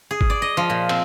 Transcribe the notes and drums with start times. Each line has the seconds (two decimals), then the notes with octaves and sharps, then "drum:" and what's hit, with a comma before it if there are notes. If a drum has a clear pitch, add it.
0.11 G#4
0.21 drum: kick G#1
0.30 D5
0.42 D#5
0.57 F3
0.70 A#2
0.89 C4, drum: cymbal